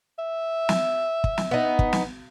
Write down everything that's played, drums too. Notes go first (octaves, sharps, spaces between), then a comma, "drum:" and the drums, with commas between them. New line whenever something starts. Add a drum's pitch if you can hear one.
E5
drum: snare
drum: kick
drum: snare
B3 D#4
drum: kick
drum: snare